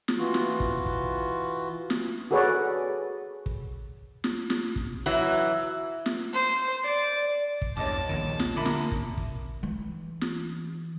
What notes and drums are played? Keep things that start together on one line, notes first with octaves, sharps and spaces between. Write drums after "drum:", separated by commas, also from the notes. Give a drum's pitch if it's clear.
drum: snare
E3 F4 F#4
drum: snare
drum: kick
drum: kick
drum: snare
F#4 G#4 A4 B4 C#5 D5
drum: kick
drum: snare
drum: snare
drum: kick
E3 F#3
drum: snare
C5
D5
drum: kick
E2 G2 C#5 D#5 A5 D6
A#1 D#2 D#3
drum: snare
D3 A#3 E5 B5 D6
drum: snare
drum: kick
drum: kick
E3
drum: snare